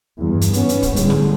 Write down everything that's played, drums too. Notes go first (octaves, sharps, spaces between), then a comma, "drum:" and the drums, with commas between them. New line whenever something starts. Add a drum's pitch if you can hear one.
E2 G2
drum: hi-hat
G#2 B3 C#4, drum: hi-hat
drum: hi-hat
drum: kick, hi-hat
A2 D3 G3 G#3, drum: hi-hat
drum: snare